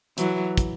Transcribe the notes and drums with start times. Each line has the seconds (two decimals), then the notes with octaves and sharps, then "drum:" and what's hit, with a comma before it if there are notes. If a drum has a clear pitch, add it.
0.18 E3 F#3, drum: hi-hat
0.58 drum: kick, hi-hat